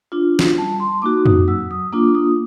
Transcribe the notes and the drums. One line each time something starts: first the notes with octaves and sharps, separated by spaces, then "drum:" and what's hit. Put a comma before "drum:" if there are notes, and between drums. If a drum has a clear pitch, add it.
D4 F4
drum: snare
G3 A5
C6
A#3 D#4 F#4 D6
D#6, drum: tom F2
F#3 E6
D#6
A#3 D4 F4 D6
D#6